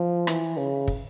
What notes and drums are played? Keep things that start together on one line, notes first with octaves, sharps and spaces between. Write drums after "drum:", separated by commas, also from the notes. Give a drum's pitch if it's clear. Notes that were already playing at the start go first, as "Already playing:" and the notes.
Already playing: F3
E3, drum: rim click
C#3
drum: kick